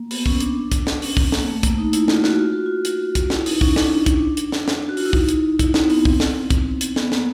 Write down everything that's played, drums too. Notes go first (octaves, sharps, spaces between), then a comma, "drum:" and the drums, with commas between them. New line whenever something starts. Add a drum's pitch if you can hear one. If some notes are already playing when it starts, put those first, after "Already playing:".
Already playing: A#3
B3, drum: open hi-hat
C#4, drum: kick
D4, drum: hi-hat
drum: kick, hi-hat
drum: snare
C#4, drum: open hi-hat
C4, drum: kick
A#3, drum: snare
A3
A#3, drum: kick, hi-hat
D#4
E4, drum: hi-hat
F4, drum: snare
F#4, drum: snare
F4
F#4
F4
drum: hi-hat
drum: kick, hi-hat
E4, drum: snare
D#4, drum: open hi-hat
C#4, drum: kick
D4, drum: snare
D4
D4, drum: kick, hi-hat
drum: hi-hat
drum: snare
drum: snare
F#4
F4, drum: open hi-hat
E4
D#4, drum: kick
drum: hi-hat
E4, drum: kick, hi-hat
D#4, drum: snare
C4
B3, drum: open hi-hat
C4, drum: kick
drum: snare
drum: kick, hi-hat
drum: hi-hat
B3, drum: snare
A#3, drum: snare